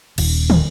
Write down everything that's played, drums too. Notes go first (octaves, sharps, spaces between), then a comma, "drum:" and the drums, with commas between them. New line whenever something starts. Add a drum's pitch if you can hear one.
D#1, drum: cymbal
drum: tom